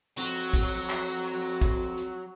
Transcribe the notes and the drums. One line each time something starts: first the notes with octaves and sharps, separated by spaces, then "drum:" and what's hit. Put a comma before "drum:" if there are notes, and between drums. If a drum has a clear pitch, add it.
F2 F#3
drum: kick, hi-hat
drum: clap
drum: kick, hi-hat
drum: hi-hat